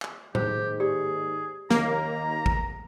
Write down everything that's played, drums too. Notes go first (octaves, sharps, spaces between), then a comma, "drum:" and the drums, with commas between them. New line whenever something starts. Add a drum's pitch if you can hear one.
drum: clap
D#2 G#2 G4 C5, drum: tom A2
G4 G#4 D5
D#2 A#3 A#5, drum: snare
drum: kick